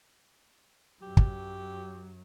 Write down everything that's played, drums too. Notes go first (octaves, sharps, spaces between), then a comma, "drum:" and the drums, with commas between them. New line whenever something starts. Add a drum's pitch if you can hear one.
F#2 F#3 G4
drum: kick